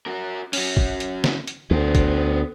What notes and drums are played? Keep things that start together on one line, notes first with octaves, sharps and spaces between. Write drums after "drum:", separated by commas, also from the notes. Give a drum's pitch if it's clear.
F#4 A#4
C#4 F#4, drum: open hi-hat
drum: kick
drum: hi-hat
drum: snare
drum: hi-hat
D2 B3 C5
drum: kick, hi-hat